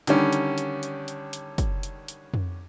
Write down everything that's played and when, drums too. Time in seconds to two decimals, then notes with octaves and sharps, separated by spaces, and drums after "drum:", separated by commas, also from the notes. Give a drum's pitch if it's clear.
0.07 D3 D#3 G3 C#4, drum: hi-hat
0.33 drum: hi-hat
0.58 drum: hi-hat
0.83 drum: hi-hat
1.08 drum: hi-hat
1.33 drum: hi-hat
1.58 drum: kick, hi-hat
1.83 drum: hi-hat
2.08 drum: hi-hat
2.34 drum: tom F2